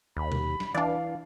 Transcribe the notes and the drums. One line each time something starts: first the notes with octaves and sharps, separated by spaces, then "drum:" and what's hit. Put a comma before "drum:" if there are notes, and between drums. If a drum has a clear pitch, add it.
D#2 B5
drum: tom B2
drum: snare
E3 D4 D5 F5